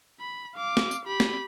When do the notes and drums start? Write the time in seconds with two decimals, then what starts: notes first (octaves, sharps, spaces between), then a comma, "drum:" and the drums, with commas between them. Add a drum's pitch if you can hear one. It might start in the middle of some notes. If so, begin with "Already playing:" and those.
0.20 B5
0.56 F5 D6
0.77 drum: snare
0.91 drum: tambourine
1.06 G4 B5
1.20 drum: snare